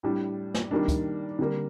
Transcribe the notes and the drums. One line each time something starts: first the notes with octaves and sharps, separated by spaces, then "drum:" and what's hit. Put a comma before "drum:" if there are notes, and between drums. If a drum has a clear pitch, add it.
A2 G3 D4
drum: snare
D#3 G3 A#3 D4
drum: kick, hi-hat
D3 G3 A#3